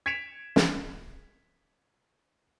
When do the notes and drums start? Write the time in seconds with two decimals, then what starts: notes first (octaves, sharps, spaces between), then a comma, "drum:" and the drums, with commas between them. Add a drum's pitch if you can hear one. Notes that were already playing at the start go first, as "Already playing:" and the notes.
0.06 G#6 B6 C#7 D7 E7 F7
0.56 drum: snare